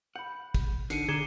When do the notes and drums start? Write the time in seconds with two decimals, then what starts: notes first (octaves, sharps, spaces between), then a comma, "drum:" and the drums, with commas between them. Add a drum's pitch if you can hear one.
0.16 F#5 B5 G6
0.54 drum: kick, hi-hat
0.90 D3 D#4 C7 C#7 D#7, drum: hi-hat
1.08 D3 G#4 A#5 D6 G#6 C#7 E7 G7